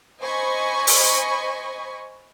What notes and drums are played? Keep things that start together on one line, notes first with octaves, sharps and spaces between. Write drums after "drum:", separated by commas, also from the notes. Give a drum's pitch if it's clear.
C5 D#5 G#5 B5 C#6
drum: open hi-hat